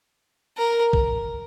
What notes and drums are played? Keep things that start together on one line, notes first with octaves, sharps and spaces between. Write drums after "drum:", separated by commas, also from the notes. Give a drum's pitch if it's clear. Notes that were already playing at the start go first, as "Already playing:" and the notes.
A#4
drum: kick A#1